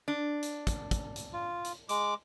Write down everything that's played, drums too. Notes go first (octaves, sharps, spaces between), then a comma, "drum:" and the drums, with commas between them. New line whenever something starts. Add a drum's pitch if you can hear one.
D4
drum: hi-hat
drum: kick, hi-hat
drum: kick, hi-hat
drum: hi-hat
F4
drum: hi-hat
G#3 D6, drum: hi-hat